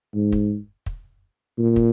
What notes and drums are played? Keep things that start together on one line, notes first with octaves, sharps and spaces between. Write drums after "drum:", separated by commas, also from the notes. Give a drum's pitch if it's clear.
G#2
drum: kick
drum: kick
A#2
drum: kick